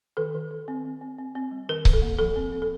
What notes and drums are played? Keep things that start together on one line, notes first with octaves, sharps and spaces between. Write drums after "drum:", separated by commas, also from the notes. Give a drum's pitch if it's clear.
D#3 A4
D#3
D#3
C4
C4
C4
C4
C4
G3
D#3 A#4
D#3, drum: kick C#1
A4
A#3
F3 A4
C4
C4
A4